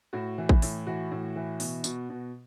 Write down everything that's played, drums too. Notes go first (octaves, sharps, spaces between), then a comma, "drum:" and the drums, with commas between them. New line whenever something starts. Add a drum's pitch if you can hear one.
A2 F#4
E3
drum: kick
A2, drum: open hi-hat
E3 F#4
A2
E3
B2, drum: open hi-hat
B2, drum: tambourine
B2